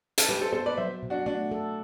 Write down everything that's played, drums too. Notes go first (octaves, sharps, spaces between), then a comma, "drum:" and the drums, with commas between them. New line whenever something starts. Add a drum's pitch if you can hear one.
A4, drum: hi-hat
G3 G4 B4
A4 C5
B3 A4 C5
B4 D5
F#3 C5 E5
B2
D4 F#4
A3 D4 F#4
A4